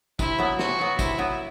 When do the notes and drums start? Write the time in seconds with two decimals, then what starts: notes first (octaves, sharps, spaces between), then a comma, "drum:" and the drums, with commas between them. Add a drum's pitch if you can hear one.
0.19 C3 E4, drum: kick, tambourine
0.39 F#3 B3
0.59 C3 F#4, drum: snare
0.79 F#3 B3
0.99 C3 E4, drum: kick, tambourine
1.18 F#3 B3